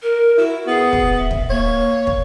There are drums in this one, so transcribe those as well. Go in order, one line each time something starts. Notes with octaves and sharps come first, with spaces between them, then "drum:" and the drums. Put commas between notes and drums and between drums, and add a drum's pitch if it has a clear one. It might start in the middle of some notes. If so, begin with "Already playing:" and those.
A#4
E4 F#4
B3 G#4
drum: kick
E5
drum: kick
A#3 C#5
drum: kick